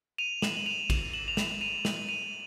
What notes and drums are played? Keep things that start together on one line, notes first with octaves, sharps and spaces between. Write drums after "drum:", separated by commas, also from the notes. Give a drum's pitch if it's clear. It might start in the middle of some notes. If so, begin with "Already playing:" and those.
D#7 F7
E7 F#7, drum: snare
F#7
D#7 F7
E7 F#7, drum: kick A1, cymbal
E7 F#7
F7
E7 F#7, drum: snare
D#7 F7
E7 F#7, drum: snare
D#7 F7